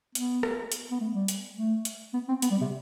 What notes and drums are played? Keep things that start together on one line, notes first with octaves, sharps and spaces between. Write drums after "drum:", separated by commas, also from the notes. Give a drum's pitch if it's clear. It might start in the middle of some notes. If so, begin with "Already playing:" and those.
B3, drum: hi-hat
drum: rim click
drum: hi-hat
B3
A3
G3
drum: hi-hat
A3
drum: hi-hat
B3
C4
B3, drum: hi-hat
G3
C3